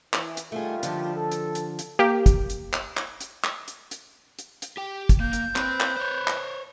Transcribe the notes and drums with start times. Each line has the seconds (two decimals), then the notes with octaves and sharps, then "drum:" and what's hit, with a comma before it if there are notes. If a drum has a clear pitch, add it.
0.13 E3, drum: clap
0.37 drum: hi-hat
0.52 D#3 G3 A3 F4 G#4
0.83 D3 F3, drum: hi-hat
1.15 A4
1.32 drum: hi-hat
1.55 drum: hi-hat
1.79 drum: hi-hat
1.99 A#3 G4
2.26 drum: kick, hi-hat
2.50 drum: hi-hat
2.73 drum: clap
2.97 drum: clap
3.20 drum: hi-hat
3.44 drum: clap
3.68 drum: hi-hat
3.91 drum: hi-hat
4.39 drum: hi-hat
4.62 drum: hi-hat
4.77 G4 G5
5.09 drum: kick, hi-hat
5.20 A#3 G6
5.33 drum: hi-hat
5.56 C4 B4, drum: clap
5.80 drum: clap
5.97 C5 C#5
6.28 drum: clap